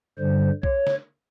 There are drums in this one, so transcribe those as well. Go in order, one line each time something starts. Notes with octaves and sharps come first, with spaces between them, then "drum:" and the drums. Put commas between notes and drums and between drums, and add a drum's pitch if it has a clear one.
G2 D3 G3 C5
C#5, drum: kick B1
drum: snare